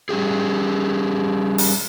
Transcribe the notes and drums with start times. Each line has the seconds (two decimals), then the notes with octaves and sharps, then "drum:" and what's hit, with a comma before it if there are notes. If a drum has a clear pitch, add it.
0.09 G3 C#4 G4 G#4
1.58 drum: open hi-hat